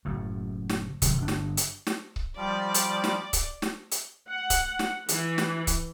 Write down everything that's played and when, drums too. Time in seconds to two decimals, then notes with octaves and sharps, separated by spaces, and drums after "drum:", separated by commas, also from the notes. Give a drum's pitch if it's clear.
0.05 F#1 F#2 A2
0.70 drum: snare
1.02 C3 D#3 F3 F#3, drum: kick C#1, hi-hat
1.18 G1 D4
1.28 drum: snare
1.57 drum: hi-hat
1.87 drum: snare
2.16 drum: kick C#1
2.37 F3 G3 D5
2.74 drum: hi-hat
3.04 drum: snare
3.33 drum: kick C#1, hi-hat
3.62 drum: snare
3.92 drum: hi-hat
4.28 F#5
4.50 drum: kick C#1, hi-hat
4.79 drum: snare
5.09 E3, drum: hi-hat
5.38 drum: snare
5.67 drum: kick C#1, hi-hat